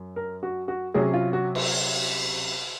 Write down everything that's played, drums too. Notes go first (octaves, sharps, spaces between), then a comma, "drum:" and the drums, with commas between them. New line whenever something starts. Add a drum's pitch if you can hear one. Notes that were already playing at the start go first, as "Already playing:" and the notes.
Already playing: F#2
A#4
F#4
F#4
C3 F#3 C#4 G#4
F4
F#4
drum: cymbal